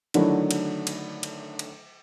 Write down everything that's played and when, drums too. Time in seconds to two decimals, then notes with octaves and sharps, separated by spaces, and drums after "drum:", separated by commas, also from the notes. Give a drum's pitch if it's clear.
0.14 D3 D#3 F#3 A3 D4 E4, drum: cymbal
0.51 drum: cymbal
0.87 drum: cymbal
1.23 drum: cymbal
1.59 drum: cymbal